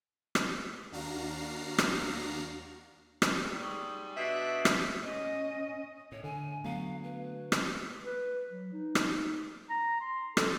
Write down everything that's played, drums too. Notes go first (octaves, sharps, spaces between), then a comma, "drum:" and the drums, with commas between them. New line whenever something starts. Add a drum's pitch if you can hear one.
drum: rim click
D#2 D4 F#4 F5 A#5 C7
drum: rim click
drum: rim click
G#2 G3
C#6 D#6 E6
B2 D4 E5 A6 F#7
drum: rim click
C#4 D#5
A2 C#5
D3 G#5
F#3 A3 B3 F5
B4
drum: rim click
B4
F#3
D#4
drum: rim click
A#5
C6
A4, drum: rim click